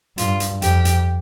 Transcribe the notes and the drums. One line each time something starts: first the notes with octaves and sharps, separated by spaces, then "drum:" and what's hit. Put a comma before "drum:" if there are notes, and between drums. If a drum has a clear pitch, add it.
G2 F4, drum: hi-hat
drum: hi-hat
F2 G4, drum: hi-hat
drum: hi-hat